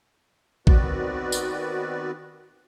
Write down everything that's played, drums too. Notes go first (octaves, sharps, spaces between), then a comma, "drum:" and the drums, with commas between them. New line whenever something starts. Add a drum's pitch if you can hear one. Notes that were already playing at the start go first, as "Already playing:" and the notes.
D#3 B3 C4 F#4 B4 D5, drum: kick A#1
drum: tambourine